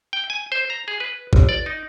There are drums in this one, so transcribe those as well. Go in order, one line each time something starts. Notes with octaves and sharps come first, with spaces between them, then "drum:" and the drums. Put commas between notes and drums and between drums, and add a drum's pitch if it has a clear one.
G5
G#5
C5
A#5
G#4
B4
G1, drum: kick
D5
D#4